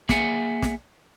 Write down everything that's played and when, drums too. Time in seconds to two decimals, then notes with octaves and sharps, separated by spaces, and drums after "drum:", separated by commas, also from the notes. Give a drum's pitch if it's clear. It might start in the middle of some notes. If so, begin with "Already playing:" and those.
0.09 A#3 G#4 E5 F#5 G#5, drum: snare
0.62 drum: snare